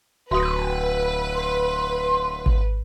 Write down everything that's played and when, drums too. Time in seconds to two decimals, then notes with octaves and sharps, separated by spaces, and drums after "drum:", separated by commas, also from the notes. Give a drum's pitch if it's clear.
0.31 D1 F#4 B4 F5 D#6
1.34 C6
2.46 drum: kick G#1